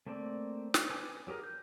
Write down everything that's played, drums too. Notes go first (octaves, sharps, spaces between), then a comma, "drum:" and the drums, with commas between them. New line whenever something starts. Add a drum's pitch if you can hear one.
A3 A#3 C4 D5
drum: snare
B4 G#5 D6
F#3 G4 G#4 A#4
G6